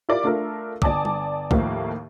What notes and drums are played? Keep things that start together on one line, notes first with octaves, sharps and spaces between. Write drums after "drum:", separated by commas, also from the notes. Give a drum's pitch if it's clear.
E4 F4 G4 A#4 D5 D6
A3 D4 F4 A4 A#4
G1 D5 G#5 A5 D6 D#6, drum: kick
drum: tom G3
D#2 A2 F3 A3 A#3, drum: kick